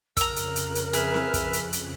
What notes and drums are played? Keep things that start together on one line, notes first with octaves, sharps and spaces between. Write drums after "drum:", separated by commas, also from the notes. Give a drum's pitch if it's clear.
F2 C#3 A#4 A#5 E6 F#6, drum: kick, hi-hat
drum: hi-hat
drum: hi-hat
drum: hi-hat
G#4 B4 E5 F6, drum: hi-hat
drum: snare C4
drum: kick, hi-hat
drum: hi-hat
drum: hi-hat